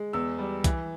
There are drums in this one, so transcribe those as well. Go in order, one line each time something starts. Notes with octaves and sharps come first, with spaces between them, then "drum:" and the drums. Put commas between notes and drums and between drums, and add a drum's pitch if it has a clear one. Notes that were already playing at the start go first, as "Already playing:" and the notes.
Already playing: G#3
E2 E6
G3
E3, drum: kick C2, hi-hat